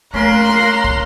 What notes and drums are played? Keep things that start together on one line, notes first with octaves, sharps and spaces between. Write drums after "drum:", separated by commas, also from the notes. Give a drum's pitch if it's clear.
A3 A#3 C#4 A#4 A#5 C6 F#6
drum: snare
drum: kick